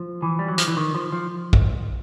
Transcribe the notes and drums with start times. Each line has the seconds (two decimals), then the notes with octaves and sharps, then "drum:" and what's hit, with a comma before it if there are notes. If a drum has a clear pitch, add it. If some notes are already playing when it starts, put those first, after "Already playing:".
Already playing: F3
0.22 E3
0.39 G3
0.48 F#3
0.58 F3, drum: hi-hat
0.68 E3
0.77 D#3
0.95 F3
1.12 F3
1.53 drum: kick